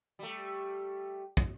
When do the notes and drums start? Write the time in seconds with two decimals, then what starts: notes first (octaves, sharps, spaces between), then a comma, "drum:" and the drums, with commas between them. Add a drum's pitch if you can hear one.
0.19 G3 A3
1.37 drum: kick